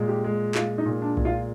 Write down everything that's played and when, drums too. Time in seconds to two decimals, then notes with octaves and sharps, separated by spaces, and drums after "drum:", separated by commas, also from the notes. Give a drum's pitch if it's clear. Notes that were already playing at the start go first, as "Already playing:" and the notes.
Already playing: A#2 G#3
0.08 G4
0.24 G#3
0.55 G#3 F4, drum: clap
0.78 D#4
0.86 A#2
1.01 D4
1.17 A#2, drum: kick B1
1.25 F4